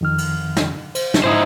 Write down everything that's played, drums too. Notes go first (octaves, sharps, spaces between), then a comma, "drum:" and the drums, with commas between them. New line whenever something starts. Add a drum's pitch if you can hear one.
F2 D#3 F6
drum: cymbal
drum: snare
C5, drum: cymbal
drum: snare
G#2 D#4 E4 C5